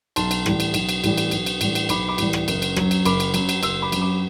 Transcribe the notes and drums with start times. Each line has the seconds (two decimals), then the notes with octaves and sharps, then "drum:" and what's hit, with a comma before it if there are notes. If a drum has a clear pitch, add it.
0.16 B1 A5 C6, drum: cymbal
0.31 drum: cymbal
0.46 A2 E3 G3, drum: rim click
0.60 drum: cymbal
0.74 B1, drum: cymbal
0.89 drum: cymbal
1.04 A2 E3 G3, drum: cymbal
1.18 drum: cymbal
1.31 B1, drum: cymbal
1.46 drum: cymbal
1.61 A2 E3 G3, drum: cymbal
1.75 drum: cymbal
1.89 B1 B5 D6, drum: cymbal
2.08 B5 D6
2.18 A2 E3 G3, drum: cymbal
2.33 drum: rim click
2.48 F#1, drum: cymbal
2.62 drum: cymbal
2.76 F#2 F#3, drum: rim click
2.91 drum: cymbal
3.05 F#1 B5 D6, drum: cymbal
3.20 drum: cymbal
3.34 F#2 F#3, drum: cymbal
3.49 drum: cymbal
3.63 F#1 C6 E6, drum: cymbal
3.82 B5 D6
3.92 F#2 F#3, drum: cymbal
4.01 B5 D6